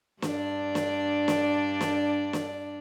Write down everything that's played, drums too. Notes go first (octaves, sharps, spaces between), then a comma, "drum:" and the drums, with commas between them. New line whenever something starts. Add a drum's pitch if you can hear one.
G2 D4 D5, drum: snare
drum: snare
drum: snare
drum: snare
drum: snare